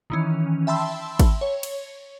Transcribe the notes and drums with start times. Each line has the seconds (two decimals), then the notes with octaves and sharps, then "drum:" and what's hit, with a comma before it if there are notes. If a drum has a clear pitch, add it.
0.10 D#3 E3 C#4
0.67 E5 G5 A5 B5 C6 E6
1.20 drum: kick G#1, cymbal
1.41 C#5
1.63 drum: cymbal